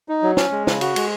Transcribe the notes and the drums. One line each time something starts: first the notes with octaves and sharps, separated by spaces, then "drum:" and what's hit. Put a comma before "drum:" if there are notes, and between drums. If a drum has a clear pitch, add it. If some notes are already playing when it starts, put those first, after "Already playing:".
D#4
F#3
C#4, drum: snare
G#3
C#3, drum: snare
F#4, drum: cymbal
G#3, drum: cymbal